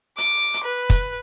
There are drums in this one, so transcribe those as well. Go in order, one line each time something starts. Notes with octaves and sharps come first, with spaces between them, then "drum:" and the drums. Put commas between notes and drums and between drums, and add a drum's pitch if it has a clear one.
D6, drum: hi-hat
drum: hi-hat
B4
drum: kick, hi-hat